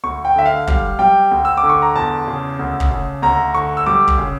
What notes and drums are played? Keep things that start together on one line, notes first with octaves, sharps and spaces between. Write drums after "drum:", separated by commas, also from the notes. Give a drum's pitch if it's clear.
D2 C#6
G5
D3 E5
F5
G3 F5, drum: kick
G3 G5
D2
E6
D6
D3
C#6
A#5
E2 A5
C#3
D2
drum: kick
C#3
D2 A#5
D3 C#6
E6
G3 D6
drum: kick
C#3